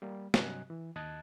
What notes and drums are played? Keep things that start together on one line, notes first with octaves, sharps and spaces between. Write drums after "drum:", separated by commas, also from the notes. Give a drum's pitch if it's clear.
G3 A#3
G2 C3 F#3 D#5 G#5 F#6, drum: snare
E3
D#2 D#5 A5 F#6 G#6 A6